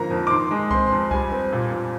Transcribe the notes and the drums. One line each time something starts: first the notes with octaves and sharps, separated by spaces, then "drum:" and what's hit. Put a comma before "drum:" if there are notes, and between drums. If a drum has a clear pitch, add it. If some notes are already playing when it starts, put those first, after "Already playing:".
Already playing: G#2 D3 F3 A#3 A#5
F2
D6
D#3 C6
G#3
C4 C6, drum: kick C2
F2
G3 G#5, drum: kick C2
C4
A#2
A#2